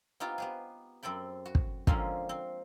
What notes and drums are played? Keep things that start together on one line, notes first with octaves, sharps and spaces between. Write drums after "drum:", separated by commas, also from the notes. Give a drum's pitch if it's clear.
B3 C4 D#4 F4 G4
B3 G4 G#4
F#2 C4 A4 G5 B5
F#4
drum: kick
D3 F3 G#3 A#3 C4 C#4, drum: kick
C4